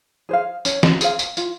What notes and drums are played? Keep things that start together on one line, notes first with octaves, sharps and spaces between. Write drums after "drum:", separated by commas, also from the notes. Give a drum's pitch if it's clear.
G#4 C5 F5
C#4, drum: tambourine
drum: snare
G#4 C5 F5, drum: tambourine
drum: tambourine
F4, drum: tambourine